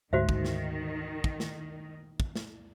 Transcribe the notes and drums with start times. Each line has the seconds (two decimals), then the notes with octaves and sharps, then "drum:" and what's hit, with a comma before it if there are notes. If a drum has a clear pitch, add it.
0.13 D2 G#2 D#3 F#4 C5 E5
0.29 drum: kick
0.45 drum: snare
1.24 drum: kick
1.40 drum: snare
2.20 drum: kick
2.36 drum: snare